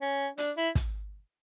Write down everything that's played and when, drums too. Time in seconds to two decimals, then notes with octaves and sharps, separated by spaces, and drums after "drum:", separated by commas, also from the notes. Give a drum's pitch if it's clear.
0.01 C#4
0.38 D4, drum: hi-hat
0.57 E4
0.75 drum: kick, hi-hat